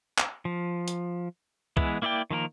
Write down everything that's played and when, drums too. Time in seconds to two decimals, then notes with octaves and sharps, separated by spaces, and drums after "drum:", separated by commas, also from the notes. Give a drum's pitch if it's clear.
0.18 drum: clap
0.45 F3
0.88 drum: hi-hat
1.77 E3 G#3 B3 E4, drum: kick C2
2.02 A#3 E4 D5 E5 G5
2.30 D#3 F3 A#3 A#4